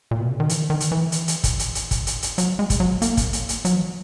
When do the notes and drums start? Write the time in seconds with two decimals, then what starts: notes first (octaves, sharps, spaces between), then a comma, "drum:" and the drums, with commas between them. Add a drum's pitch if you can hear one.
0.11 A#2
0.20 B2
0.30 C#3
0.40 D#3
0.49 E3, drum: hi-hat
0.70 D#3
0.80 drum: hi-hat
0.92 E3
1.12 drum: hi-hat
1.28 drum: hi-hat
1.44 drum: kick, hi-hat
1.59 drum: hi-hat
1.75 drum: hi-hat
1.91 drum: kick, hi-hat
2.07 drum: hi-hat
2.23 drum: hi-hat
2.38 F#3, drum: hi-hat
2.59 G#3
2.70 drum: kick, hi-hat
2.80 F#3
3.02 A#3, drum: hi-hat
3.17 drum: kick, hi-hat
3.33 drum: hi-hat
3.49 drum: hi-hat
3.65 F#3, drum: hi-hat
3.74 E3
3.84 F#3